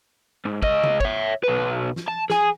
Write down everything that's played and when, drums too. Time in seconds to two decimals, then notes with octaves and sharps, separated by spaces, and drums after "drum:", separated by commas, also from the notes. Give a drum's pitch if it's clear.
0.46 G#2
0.63 C#2 D#5, drum: kick
0.84 drum: tom C#3
1.01 C#5 E5, drum: kick
1.43 B1 B4
1.96 drum: snare
2.08 A5
2.30 G#4 G#5, drum: snare